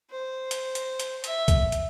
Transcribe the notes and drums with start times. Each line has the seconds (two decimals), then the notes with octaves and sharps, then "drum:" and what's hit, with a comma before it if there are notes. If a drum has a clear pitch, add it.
0.11 C5
0.51 drum: hi-hat
0.75 drum: hi-hat
1.00 drum: hi-hat
1.24 E5, drum: hi-hat
1.48 drum: kick C2, hi-hat
1.72 drum: hi-hat